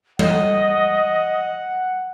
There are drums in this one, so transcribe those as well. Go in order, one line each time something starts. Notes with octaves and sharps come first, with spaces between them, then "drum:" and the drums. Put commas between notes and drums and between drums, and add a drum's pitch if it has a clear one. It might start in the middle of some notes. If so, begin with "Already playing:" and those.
D#5 F#5, drum: tom G3